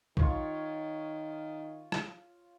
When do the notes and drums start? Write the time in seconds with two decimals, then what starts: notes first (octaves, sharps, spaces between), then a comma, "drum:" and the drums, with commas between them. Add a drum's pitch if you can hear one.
0.17 D#3 F4 C#5 C#6, drum: kick A#1
1.92 drum: rim click